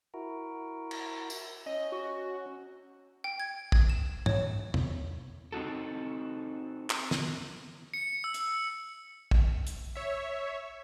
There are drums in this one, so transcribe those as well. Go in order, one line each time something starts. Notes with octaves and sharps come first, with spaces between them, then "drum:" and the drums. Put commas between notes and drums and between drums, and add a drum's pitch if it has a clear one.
E4 F#4 A#4
drum: cymbal
drum: tambourine
C#4 D#5
F#4
G5
G#6
G#6, drum: kick
E7
C#5, drum: tom
drum: tom
C4 D#4 F#4 A4
drum: clap
drum: snare
C#7
E6
drum: hi-hat
drum: kick
drum: hi-hat
C#5 E5